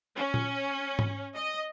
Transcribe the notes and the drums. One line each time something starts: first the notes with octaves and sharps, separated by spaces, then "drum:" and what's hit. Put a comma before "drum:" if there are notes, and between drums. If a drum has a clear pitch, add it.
C#4
drum: tom A#2
drum: tom G#2
D#5